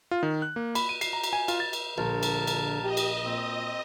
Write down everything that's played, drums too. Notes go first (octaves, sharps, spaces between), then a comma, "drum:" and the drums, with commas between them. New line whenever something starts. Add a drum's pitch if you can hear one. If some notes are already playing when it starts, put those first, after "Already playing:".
F4
D#3
F#6
A#3
B5, drum: cymbal
D#7
C7, drum: cymbal
A#5
drum: cymbal
G#5
F4, drum: cymbal
A6
drum: cymbal
A#1 D3 A#4 A5
drum: cymbal
drum: cymbal
G4 D#5
drum: cymbal
A#2 C4